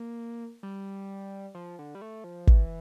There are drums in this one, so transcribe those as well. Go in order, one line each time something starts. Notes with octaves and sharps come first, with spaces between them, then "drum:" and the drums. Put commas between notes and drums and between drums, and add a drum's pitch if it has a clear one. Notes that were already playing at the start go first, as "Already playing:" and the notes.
Already playing: A#3
G3
F3
D3
G3
A3
F3
E3, drum: kick